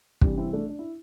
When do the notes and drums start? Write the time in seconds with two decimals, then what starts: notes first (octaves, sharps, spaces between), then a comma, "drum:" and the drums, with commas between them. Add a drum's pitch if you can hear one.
0.21 C2 C3 E3 D4 G4, drum: kick
0.38 C4 E4
0.53 A3 D4
0.69 D4
0.79 E4